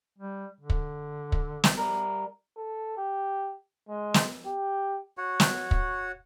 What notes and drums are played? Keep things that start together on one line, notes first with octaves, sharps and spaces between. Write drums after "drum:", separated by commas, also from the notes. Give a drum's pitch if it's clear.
G3
D3
drum: kick
drum: kick
drum: snare
G3 A#4
A4
G4
G#3
drum: snare
G4
F#4 C#5 F#5
drum: snare
drum: kick